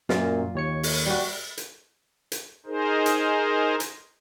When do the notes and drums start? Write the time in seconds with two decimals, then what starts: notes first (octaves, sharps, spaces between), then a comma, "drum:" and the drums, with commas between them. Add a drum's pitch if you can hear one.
0.09 F#2 A#2 F4, drum: snare
0.55 D#2 C#5 C#7
0.83 drum: open hi-hat
1.06 G3 F#4
1.57 drum: hi-hat
2.32 drum: hi-hat
2.66 D#4 G#4 A#4 C5
3.06 drum: hi-hat
3.80 drum: hi-hat